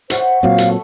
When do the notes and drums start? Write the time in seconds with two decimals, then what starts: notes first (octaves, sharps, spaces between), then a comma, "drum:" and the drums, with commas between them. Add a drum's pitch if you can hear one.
0.10 C5 C#5 E5 F#5, drum: hi-hat
0.43 A#2 F#3 C4 F5
0.58 drum: hi-hat
0.68 A3